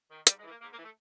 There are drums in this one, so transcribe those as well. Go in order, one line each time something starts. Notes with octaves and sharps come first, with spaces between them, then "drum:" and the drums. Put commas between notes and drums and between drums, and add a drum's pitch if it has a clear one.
D#3
G#2 G3, drum: hi-hat
G#3
E3
A#3
G#2 A#3
A#3
E3
A3